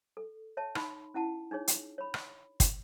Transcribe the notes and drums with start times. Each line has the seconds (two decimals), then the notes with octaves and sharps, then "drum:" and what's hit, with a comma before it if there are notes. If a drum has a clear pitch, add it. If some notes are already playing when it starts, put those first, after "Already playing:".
0.17 A4
0.57 C#5 E5 A5
0.75 D#4 B5 C6, drum: rim click
1.14 C#4 E4 F#5 A5
1.51 D4 D#4 G#4 C#5
1.68 drum: hi-hat
1.98 C#5 B5
2.14 drum: rim click
2.60 drum: kick, hi-hat